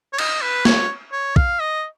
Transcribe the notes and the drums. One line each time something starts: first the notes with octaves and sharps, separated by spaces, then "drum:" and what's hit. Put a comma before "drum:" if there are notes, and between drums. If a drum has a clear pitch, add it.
C#5
D#5, drum: cymbal
B4
C#5, drum: snare
C#5
F5, drum: kick
D#5